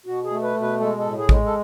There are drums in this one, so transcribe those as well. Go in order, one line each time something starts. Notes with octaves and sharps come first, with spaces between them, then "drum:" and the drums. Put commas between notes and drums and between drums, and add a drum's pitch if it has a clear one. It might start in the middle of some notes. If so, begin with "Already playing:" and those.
B2 F#4
G#4
A3
B4
B2
B4
G#3 A4
A2 A4
G#4
G#3, drum: kick
A4